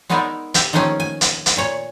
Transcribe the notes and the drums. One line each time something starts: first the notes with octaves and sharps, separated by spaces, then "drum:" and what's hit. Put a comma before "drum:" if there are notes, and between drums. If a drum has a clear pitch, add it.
G#3 B3 D#4 A#4 D5 E5
G4 E5, drum: hi-hat
D#3 F3 A3 A#3 C#4
G#5
drum: hi-hat
drum: hi-hat
A#2 C#5